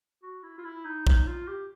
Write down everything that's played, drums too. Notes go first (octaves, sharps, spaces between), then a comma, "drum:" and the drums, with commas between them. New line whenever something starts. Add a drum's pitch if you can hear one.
F#4
E4
F4
E4
D#4
D#4, drum: kick
F4
G4